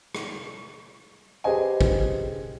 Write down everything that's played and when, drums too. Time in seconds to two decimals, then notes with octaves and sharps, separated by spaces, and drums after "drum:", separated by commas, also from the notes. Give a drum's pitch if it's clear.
0.15 drum: rim click
1.44 G4 G#4 B4 C5 D#5 G#5
1.81 drum: kick